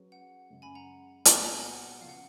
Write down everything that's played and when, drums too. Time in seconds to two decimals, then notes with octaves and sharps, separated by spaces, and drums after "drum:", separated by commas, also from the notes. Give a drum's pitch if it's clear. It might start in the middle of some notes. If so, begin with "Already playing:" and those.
Already playing: F#3 C#4 G#4 B4
0.12 F#5
0.50 F#2 C#3 G#3 C#4
0.62 G#5 B5
0.75 F#5 A#5
1.25 A#2 F3 B3 F#4, drum: hi-hat
1.46 A#5
1.55 G#5
1.63 F#5
2.01 C#3 F3 F5
2.09 F#5